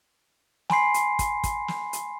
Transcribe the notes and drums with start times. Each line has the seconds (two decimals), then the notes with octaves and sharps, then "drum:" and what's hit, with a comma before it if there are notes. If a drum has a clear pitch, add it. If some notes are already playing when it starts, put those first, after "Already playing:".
0.70 G#5 B5 C6 C7, drum: snare
0.94 drum: hi-hat
1.19 drum: kick, hi-hat
1.44 drum: kick, hi-hat
1.68 drum: snare
1.93 drum: hi-hat